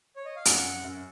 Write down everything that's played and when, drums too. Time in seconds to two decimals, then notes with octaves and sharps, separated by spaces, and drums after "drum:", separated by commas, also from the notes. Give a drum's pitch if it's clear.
0.16 C#5
0.25 D#5
0.36 F5
0.45 F#2 F#5, drum: hi-hat
0.64 F#2
0.84 F#2